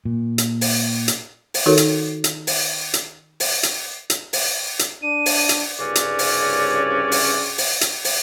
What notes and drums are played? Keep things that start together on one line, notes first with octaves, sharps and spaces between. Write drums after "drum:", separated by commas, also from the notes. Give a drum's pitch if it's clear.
A#2
drum: hi-hat
drum: open hi-hat
drum: hi-hat
drum: open hi-hat
D#3 D#4 F#4 A4 A#4 C#5
drum: hi-hat
drum: hi-hat
drum: open hi-hat
drum: hi-hat
drum: open hi-hat
drum: hi-hat
drum: hi-hat
drum: open hi-hat
drum: hi-hat
D4 D#7
drum: open hi-hat
drum: hi-hat
C2 G2 C#3 C#4 F#4 D5
drum: hi-hat
drum: open hi-hat
drum: open hi-hat
drum: open hi-hat
drum: hi-hat
drum: open hi-hat